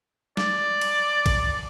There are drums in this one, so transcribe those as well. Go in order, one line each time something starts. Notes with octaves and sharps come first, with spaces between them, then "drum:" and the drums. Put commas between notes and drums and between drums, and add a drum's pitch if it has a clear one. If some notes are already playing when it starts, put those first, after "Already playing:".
D5, drum: snare
drum: cymbal
drum: kick, cymbal